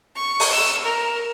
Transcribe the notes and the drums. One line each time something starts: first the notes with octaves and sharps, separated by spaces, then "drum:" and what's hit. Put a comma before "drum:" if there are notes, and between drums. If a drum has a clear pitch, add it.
C#6
drum: open hi-hat
E6
A#4